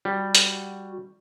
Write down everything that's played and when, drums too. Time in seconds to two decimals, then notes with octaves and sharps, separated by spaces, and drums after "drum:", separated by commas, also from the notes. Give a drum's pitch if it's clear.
0.05 G3 F#4
0.35 drum: hi-hat